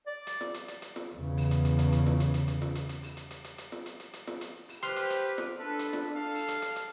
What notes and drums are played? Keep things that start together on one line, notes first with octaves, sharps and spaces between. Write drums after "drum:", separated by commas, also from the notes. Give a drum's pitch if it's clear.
D5
drum: hi-hat
drum: snare
drum: hi-hat
drum: hi-hat
drum: hi-hat
drum: snare
E2 C#3
drum: open hi-hat
drum: hi-hat
drum: hi-hat
drum: hi-hat
drum: hi-hat
drum: snare
drum: hi-hat
drum: hi-hat
drum: hi-hat
drum: snare
drum: hi-hat
drum: hi-hat
drum: open hi-hat
drum: hi-hat
drum: hi-hat
drum: hi-hat
drum: hi-hat
drum: snare
drum: hi-hat
drum: hi-hat
drum: hi-hat
drum: snare
drum: hi-hat
drum: open hi-hat
G4 B4 C5 C6 F6, drum: hi-hat
drum: hi-hat
drum: hi-hat
drum: snare
D4 A4 B4
drum: hi-hat
drum: snare
A4 F5
drum: open hi-hat
drum: hi-hat
drum: hi-hat
drum: hi-hat